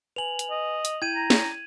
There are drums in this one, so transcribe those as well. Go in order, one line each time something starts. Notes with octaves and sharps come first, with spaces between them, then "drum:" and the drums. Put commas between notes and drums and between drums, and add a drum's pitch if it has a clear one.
B4 G#5 F7 F#7
drum: hi-hat
D#5
drum: hi-hat
E4 G5 G6 G#6 D#7
A#5
drum: snare